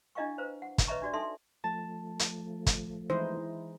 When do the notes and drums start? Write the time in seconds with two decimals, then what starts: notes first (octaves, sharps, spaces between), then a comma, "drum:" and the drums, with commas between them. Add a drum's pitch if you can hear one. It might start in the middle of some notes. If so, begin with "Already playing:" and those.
0.15 D4 E4 D#5 F5 G5 C#6
0.38 B4 C5 F5 A#5
0.62 F#5
0.78 drum: kick, hi-hat
0.87 B4 C#5 D#5 E5 A#5 C#6
1.02 D4 F#4 D5
1.14 D#4 A4 E5 G#5 C6
1.64 F3 A3 A5
2.19 drum: hi-hat
2.66 drum: kick, hi-hat
3.10 E3 G#3 D#4 E4 C5